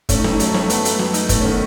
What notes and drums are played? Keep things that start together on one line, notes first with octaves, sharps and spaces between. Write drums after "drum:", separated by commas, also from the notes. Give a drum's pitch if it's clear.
A3 C#4, drum: kick F#1, hi-hat
D#4
A3 C#4, drum: snare
D#4
F#3 A3 C#4, drum: hi-hat
F#3, drum: snare
A3
F#3 B3, drum: hi-hat
A3, drum: hi-hat
F#3, drum: snare
D#4, drum: hi-hat
A3 B3, drum: kick F#1, hi-hat
D#3 C#4
B3